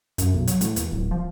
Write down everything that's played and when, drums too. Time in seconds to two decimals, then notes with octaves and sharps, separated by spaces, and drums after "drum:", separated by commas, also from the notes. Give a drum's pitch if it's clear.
0.18 F#2, drum: hi-hat
0.33 B1
0.47 F#3, drum: hi-hat
0.61 A2, drum: hi-hat
0.76 E2, drum: hi-hat
0.92 D1
1.11 F3